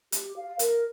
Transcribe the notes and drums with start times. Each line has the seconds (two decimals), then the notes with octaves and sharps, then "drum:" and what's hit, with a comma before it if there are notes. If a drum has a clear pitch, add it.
0.12 G4, drum: hi-hat
0.36 F5
0.59 A#4, drum: hi-hat